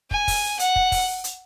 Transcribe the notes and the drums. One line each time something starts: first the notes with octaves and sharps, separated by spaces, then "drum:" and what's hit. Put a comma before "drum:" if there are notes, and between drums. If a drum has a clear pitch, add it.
G#5, drum: kick
drum: kick, open hi-hat
F#5, drum: hi-hat
drum: kick
drum: kick, open hi-hat
drum: hi-hat